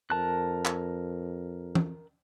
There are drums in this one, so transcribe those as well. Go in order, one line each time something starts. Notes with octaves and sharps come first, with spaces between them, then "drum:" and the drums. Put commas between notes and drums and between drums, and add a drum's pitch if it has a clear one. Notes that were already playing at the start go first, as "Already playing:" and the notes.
F2 A#4 A5 F#6
drum: clap
drum: tom